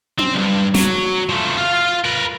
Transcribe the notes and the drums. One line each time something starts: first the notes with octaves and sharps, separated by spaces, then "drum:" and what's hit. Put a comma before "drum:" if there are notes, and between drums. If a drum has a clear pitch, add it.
C4, drum: tom C#4
C2 G2
F#3, drum: snare
F3 A3
F4 F5
A#4 B4